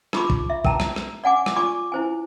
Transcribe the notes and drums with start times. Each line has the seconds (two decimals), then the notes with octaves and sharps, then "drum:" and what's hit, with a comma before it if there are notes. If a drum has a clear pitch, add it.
0.13 D#4 F4 G#4 B5 C#6 D6, drum: rim click
0.30 drum: kick
0.50 E5
0.65 A#4 G5 A5 A#5, drum: kick
0.80 drum: rim click
0.96 drum: rim click
1.24 D5 F#5 G#5 D6
1.46 drum: rim click
1.56 F4 D5 G#5 C#6 D6
1.92 E4 C5 G#5